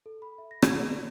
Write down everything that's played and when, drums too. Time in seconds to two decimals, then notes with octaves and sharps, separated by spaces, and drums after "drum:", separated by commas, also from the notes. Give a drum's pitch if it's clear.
0.06 A4
0.22 B5
0.38 E5
0.51 A#6
0.62 G#6, drum: rim click
0.77 G#4
0.90 D5